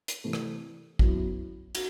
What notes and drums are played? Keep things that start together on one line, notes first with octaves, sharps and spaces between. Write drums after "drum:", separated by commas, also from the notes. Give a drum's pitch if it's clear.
drum: hi-hat
C3 E3 A3
drum: rim click
F#2 F#3 B3 E4, drum: kick
F#4, drum: cymbal